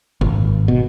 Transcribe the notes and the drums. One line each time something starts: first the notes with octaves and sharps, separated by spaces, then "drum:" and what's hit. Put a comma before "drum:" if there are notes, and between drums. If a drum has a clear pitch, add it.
G#1, drum: tom
B2